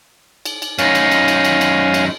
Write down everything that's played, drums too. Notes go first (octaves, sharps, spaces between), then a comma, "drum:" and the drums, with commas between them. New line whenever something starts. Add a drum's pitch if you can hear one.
drum: cymbal
drum: cymbal
F#2 D#4 C#5 F5 G#5, drum: cymbal
drum: cymbal
drum: cymbal
drum: cymbal
drum: cymbal
drum: cymbal
drum: cymbal